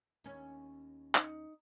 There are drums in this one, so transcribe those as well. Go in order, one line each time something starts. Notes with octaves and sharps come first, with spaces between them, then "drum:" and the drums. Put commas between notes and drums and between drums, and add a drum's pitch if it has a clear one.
D#2 C#4
D#4, drum: clap